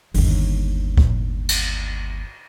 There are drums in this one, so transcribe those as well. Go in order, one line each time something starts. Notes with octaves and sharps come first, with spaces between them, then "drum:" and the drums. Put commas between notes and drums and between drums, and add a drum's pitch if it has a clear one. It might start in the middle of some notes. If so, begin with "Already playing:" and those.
G1 D#2, drum: open hi-hat
drum: kick
drum: cymbal